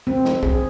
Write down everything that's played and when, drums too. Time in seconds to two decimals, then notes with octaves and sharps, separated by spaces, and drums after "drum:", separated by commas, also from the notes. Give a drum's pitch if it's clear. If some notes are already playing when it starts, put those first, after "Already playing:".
0.07 C4
0.25 drum: snare
0.43 G#4, drum: kick